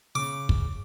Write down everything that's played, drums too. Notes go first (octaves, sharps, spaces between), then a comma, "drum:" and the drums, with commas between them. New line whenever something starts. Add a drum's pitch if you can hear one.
C#3 D6
drum: kick